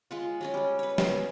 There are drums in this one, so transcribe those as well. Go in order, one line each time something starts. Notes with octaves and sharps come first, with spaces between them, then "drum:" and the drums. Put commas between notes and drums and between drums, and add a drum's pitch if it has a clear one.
G#3 F4 F#5
F#3 G#3 C#4
G3 G#3
B4 C#5
B3 G#4, drum: snare